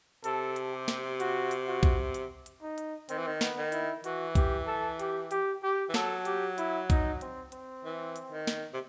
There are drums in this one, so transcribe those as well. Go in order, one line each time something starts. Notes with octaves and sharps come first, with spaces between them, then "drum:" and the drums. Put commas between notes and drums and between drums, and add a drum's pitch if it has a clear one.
C3 A4, drum: hi-hat
drum: hi-hat
G4
drum: snare
F#4, drum: hi-hat
drum: hi-hat
F#4
drum: kick A#1, hi-hat
drum: hi-hat
drum: hi-hat
D#4
drum: hi-hat
D#3 C4, drum: hi-hat
E3
D#3
B3, drum: snare
D#3
E4, drum: hi-hat
E3 F#4, drum: hi-hat
G4, drum: kick A#1, hi-hat
A4
G4, drum: hi-hat
G4, drum: hi-hat
G4
E3
F#3 A4, drum: snare
G4, drum: hi-hat
E4, drum: hi-hat
D#4, drum: kick A#1, hi-hat
C4, drum: hi-hat
C4, drum: hi-hat
E3
drum: hi-hat
D#3
drum: snare
C3